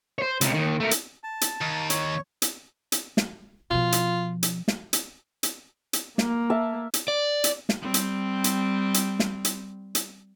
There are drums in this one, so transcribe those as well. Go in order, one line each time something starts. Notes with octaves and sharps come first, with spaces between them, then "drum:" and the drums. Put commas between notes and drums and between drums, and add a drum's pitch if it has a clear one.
C5 C#5
C#2 C3, drum: hi-hat
D#2 D#3
A3 A#4
drum: hi-hat
A5
drum: hi-hat
D#2
C#5, drum: hi-hat
drum: hi-hat
drum: hi-hat
drum: snare
B2 F3 F4
drum: hi-hat
drum: hi-hat
drum: snare
drum: hi-hat
drum: hi-hat
drum: hi-hat
A#3, drum: snare
E5 A5
drum: hi-hat
D5
drum: hi-hat
drum: snare
G3 C4
drum: hi-hat
drum: hi-hat
drum: hi-hat
drum: snare
drum: hi-hat
drum: hi-hat